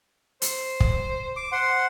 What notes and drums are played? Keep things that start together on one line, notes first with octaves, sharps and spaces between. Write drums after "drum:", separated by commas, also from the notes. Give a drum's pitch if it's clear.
C5, drum: hi-hat
drum: kick
D6
C5 F#5 C6